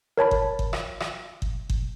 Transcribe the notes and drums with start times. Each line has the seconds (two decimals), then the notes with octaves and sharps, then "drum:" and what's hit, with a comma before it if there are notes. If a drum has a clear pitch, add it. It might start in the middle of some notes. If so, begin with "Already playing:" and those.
0.17 A#4 C#5 A5 B5
0.31 drum: kick G1
0.59 drum: kick G1
0.73 drum: rim click
1.00 drum: rim click
1.42 drum: kick G1
1.70 drum: kick G1